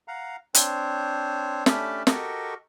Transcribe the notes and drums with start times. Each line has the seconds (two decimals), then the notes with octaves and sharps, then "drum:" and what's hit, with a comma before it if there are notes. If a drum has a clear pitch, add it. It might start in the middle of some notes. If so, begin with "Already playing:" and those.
0.08 F5 F#5 A#5
0.54 C4 D4 C5 C#5, drum: hi-hat
1.66 A3 C#4 D4 G4 A5 B5, drum: snare
2.07 F#4 G4 A4 A#4 D#5 C#6, drum: snare